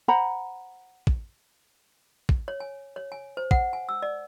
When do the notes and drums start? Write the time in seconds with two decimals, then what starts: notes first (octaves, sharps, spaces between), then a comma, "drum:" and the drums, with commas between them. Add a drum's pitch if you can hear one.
0.08 C5 F#5 A#5 B5
1.07 drum: kick
2.29 drum: kick
2.48 C#5
2.60 G#5
2.96 C#5
3.12 G#5
3.37 C5
3.51 F#5, drum: kick
3.73 G#5
3.89 E6
4.02 D5